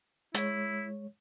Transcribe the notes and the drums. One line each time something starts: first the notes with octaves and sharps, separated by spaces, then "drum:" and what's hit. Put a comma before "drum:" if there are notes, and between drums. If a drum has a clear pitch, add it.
G#3 E4 C#5, drum: hi-hat